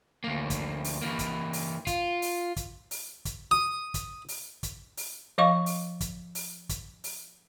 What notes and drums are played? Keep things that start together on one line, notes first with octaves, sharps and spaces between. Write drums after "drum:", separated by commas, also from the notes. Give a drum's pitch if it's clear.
D2 A#3
drum: kick, hi-hat
drum: open hi-hat
E3 A#3
drum: kick, hi-hat
drum: open hi-hat
F4, drum: kick, hi-hat
drum: open hi-hat
drum: kick, hi-hat
drum: open hi-hat
drum: kick, hi-hat
D#6
drum: kick, hi-hat
drum: open hi-hat
drum: kick, hi-hat
drum: open hi-hat
F3 D#5 F5 C#6
drum: open hi-hat
drum: kick, hi-hat
drum: open hi-hat
drum: kick, hi-hat
drum: open hi-hat